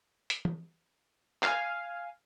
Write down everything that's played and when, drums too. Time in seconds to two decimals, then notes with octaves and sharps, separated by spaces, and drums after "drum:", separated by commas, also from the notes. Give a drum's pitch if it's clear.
0.30 drum: hi-hat
0.45 drum: tom
1.43 F5 G#5, drum: clap